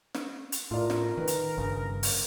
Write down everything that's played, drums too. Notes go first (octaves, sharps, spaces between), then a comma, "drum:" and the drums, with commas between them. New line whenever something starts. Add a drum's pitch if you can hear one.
drum: snare
drum: hi-hat
A2 F4 A#4 D5
drum: snare
D#3 B4
drum: hi-hat
G1 G2 C#3
drum: open hi-hat